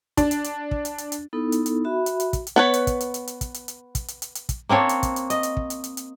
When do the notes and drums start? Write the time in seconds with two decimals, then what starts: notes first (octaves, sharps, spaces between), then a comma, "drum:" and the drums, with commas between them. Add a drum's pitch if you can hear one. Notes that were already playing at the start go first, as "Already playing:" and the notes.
0.17 D4, drum: kick, hi-hat
0.31 drum: hi-hat
0.44 drum: hi-hat
0.71 drum: kick
0.85 drum: hi-hat
0.98 drum: hi-hat
1.12 drum: hi-hat
1.33 B3 D#4 E4 A4
1.52 drum: hi-hat
1.66 drum: hi-hat
1.84 F#4 E5 B5
2.06 drum: hi-hat
2.20 drum: hi-hat
2.33 drum: kick, hi-hat
2.47 drum: hi-hat
2.56 B3 B4 C#5
2.74 drum: hi-hat
2.87 drum: kick, hi-hat
3.00 drum: hi-hat
3.14 drum: hi-hat
3.27 drum: hi-hat
3.41 drum: kick, hi-hat
3.54 drum: hi-hat
3.68 drum: hi-hat
3.95 drum: kick, hi-hat
4.08 drum: hi-hat
4.22 drum: hi-hat
4.35 drum: hi-hat
4.49 drum: kick, hi-hat
4.69 A#3 C4 D4 C#5
4.89 drum: hi-hat
5.03 drum: kick, hi-hat
5.16 drum: hi-hat
5.30 D#5, drum: hi-hat
5.43 drum: hi-hat
5.57 drum: kick
5.70 drum: hi-hat
5.84 drum: hi-hat
5.97 drum: hi-hat